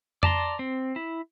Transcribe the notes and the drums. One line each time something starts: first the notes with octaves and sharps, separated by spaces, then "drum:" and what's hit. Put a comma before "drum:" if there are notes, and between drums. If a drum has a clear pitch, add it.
D5 A5 A#5 C6, drum: tom F2
C4
E4